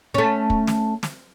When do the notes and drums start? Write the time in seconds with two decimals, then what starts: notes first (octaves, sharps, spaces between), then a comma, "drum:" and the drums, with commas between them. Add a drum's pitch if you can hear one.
0.14 A3 C#4
0.50 drum: kick
0.67 drum: snare
1.03 drum: snare